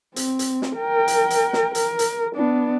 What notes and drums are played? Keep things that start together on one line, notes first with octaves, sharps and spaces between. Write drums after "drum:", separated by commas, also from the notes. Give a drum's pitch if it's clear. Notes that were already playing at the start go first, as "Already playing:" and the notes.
C4, drum: hi-hat
drum: hi-hat
drum: snare
A#4 G5
drum: hi-hat
drum: hi-hat
drum: snare
A#4, drum: hi-hat
drum: hi-hat
B3 D4